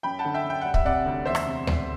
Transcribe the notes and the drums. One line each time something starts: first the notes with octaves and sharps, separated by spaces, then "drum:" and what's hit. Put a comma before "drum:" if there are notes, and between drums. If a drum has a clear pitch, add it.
F#2 G5 B5
F#5 A5
D3
E5 G5
F#2
G5
G3 F#5
E5, drum: kick
C3 D5 F#5
D2
E2 C5 E5
drum: rim click
C3
E2, drum: tom D2